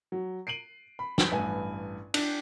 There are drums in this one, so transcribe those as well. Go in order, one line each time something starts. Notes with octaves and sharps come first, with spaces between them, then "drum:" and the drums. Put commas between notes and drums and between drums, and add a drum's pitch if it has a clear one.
F#3
C7 D7 D#7 F#7
B5
drum: snare
A1 G2 B4 G#5
D4, drum: cymbal